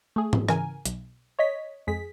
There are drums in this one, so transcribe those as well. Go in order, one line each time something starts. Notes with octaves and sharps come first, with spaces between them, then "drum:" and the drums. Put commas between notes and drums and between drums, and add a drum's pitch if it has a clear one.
A3 G#4
drum: tom G#2
C#3 E3 A#4 G#5, drum: rim click
B1, drum: hi-hat
C#5 D#5 B6
F2 G#3 G#4 B6